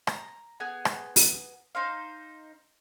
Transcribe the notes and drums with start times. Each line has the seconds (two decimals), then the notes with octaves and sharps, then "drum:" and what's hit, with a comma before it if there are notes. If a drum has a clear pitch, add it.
0.07 A#5, drum: rim click
0.60 B3 G#4 G#5
0.85 drum: rim click
1.16 drum: open hi-hat
1.75 D#4 C5 F5